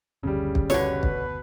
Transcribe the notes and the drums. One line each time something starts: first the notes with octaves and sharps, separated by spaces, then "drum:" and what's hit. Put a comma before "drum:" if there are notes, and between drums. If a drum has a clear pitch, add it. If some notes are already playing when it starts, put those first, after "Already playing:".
F#1 D2 C#3 G3
drum: kick
B2 D3 B4 C#5, drum: snare
drum: kick